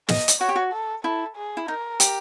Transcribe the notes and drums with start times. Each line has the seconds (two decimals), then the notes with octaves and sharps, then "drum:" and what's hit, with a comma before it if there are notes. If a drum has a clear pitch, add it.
0.08 D#5, drum: snare
0.28 drum: hi-hat
0.40 F#4 C#5
0.49 G4
0.56 F#4
0.72 A4
1.04 E4 A4
1.36 G#4
1.57 E4
1.67 D#4 A#4
2.00 G4, drum: hi-hat